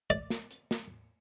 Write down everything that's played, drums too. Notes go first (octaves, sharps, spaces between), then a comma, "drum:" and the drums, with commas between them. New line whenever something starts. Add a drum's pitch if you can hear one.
D5
drum: snare
drum: hi-hat
drum: snare